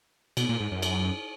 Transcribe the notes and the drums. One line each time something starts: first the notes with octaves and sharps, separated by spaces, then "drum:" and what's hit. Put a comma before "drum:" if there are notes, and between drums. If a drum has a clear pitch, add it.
B2, drum: cymbal
A#2
G#2
F#2
drum: cymbal